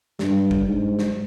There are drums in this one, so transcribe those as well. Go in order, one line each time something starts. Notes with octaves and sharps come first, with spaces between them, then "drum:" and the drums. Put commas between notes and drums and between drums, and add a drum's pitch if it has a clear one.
G2, drum: snare
drum: kick
G#2
drum: snare